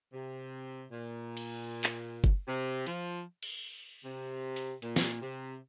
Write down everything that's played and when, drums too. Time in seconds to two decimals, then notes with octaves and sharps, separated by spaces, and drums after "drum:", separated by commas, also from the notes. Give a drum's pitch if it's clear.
0.13 C3
0.91 A#2
1.37 drum: cymbal
1.84 drum: clap
2.24 drum: kick F#1
2.48 C3
2.86 F3, drum: hi-hat
3.43 drum: cymbal
4.04 C3
4.56 drum: open hi-hat
4.82 A#2, drum: hi-hat
4.96 drum: snare
5.21 C3